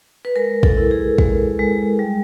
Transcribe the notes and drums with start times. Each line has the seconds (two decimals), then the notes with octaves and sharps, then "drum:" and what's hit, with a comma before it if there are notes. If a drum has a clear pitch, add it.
0.25 B4
0.36 G#3 A#4
0.63 A4, drum: kick
0.78 E4
0.91 G#4
1.18 G#3, drum: kick
1.59 G#3
1.99 G3